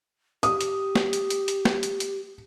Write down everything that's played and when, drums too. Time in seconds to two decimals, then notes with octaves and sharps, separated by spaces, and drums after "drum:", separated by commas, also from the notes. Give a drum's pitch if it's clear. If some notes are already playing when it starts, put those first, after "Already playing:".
0.43 G4 D#6, drum: hi-hat
0.61 drum: hi-hat
0.96 drum: snare
1.13 drum: hi-hat
1.30 drum: hi-hat
1.48 drum: hi-hat
1.65 drum: snare
1.83 drum: hi-hat
2.00 drum: hi-hat